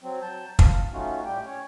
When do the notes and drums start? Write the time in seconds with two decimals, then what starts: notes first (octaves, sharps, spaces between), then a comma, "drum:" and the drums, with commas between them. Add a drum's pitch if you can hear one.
0.02 F#3 C4
0.22 F#3 A5 G6
0.59 F5 A5, drum: kick
0.93 A3 C#4 D#4 F4 F#4
1.25 A2 G3 G4 G5
1.46 C#4 C#5